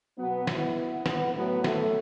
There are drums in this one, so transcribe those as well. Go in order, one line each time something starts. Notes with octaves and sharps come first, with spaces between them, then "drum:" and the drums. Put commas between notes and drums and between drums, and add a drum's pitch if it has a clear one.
B2 F#3 B3
B3 E4, drum: snare
B3, drum: snare
A2 F#3 B3
A3, drum: snare